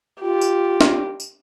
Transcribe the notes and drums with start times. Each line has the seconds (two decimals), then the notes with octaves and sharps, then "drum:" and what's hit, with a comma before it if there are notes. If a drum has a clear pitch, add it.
0.22 F4 G4
0.41 drum: tambourine
0.81 drum: snare
1.20 drum: tambourine